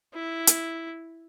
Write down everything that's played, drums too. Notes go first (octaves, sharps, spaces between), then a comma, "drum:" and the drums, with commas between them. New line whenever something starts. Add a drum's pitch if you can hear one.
E4
drum: hi-hat